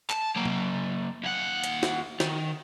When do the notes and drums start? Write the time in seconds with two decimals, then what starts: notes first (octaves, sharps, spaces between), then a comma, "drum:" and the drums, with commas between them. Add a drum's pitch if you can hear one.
0.10 A5, drum: clap
0.36 F#3 A#3
0.45 drum: tom C3
1.24 D#2 F#5
1.64 drum: hi-hat
1.83 drum: snare
2.20 D#3, drum: snare